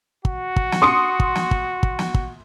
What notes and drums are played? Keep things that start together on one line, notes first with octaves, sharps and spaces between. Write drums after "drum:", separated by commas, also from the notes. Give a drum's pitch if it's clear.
F#4, drum: kick
drum: kick
drum: snare
C6 D#6 C#7
drum: kick
drum: snare
drum: kick
drum: kick
drum: snare
drum: kick